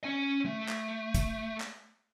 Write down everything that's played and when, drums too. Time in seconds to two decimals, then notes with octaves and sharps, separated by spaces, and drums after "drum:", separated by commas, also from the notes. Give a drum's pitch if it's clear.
0.04 C#4 G#5
0.46 A3
0.69 drum: clap
1.14 drum: kick, hi-hat
1.60 drum: clap